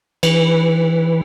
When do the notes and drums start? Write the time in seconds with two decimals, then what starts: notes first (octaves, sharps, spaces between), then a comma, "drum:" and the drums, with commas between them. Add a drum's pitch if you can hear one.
0.23 E3 B4, drum: cymbal